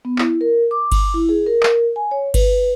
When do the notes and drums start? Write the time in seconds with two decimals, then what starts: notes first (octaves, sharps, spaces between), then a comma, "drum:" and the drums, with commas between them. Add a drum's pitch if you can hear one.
0.05 B3
0.19 E4, drum: clap
0.41 A#4
0.71 D6
0.92 drum: kick G1, cymbal
1.14 E4
1.29 G#4
1.46 A#4
1.63 drum: clap
1.96 G#5
2.11 C#5
2.34 B4, drum: kick G1, cymbal